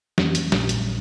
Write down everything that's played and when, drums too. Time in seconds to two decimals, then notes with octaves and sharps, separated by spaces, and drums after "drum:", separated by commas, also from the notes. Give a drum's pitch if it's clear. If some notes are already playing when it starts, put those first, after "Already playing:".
0.18 F2 E3 G3 A#3 C#4, drum: snare
0.35 drum: hi-hat
0.52 A#1 A#2 G3, drum: snare
0.69 drum: hi-hat